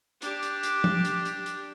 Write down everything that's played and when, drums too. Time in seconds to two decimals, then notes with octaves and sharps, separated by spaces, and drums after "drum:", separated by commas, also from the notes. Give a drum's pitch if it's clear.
0.22 D4 G4, drum: hi-hat
0.43 drum: hi-hat
0.63 drum: hi-hat
0.84 drum: tom
1.05 drum: hi-hat
1.25 drum: hi-hat
1.46 drum: hi-hat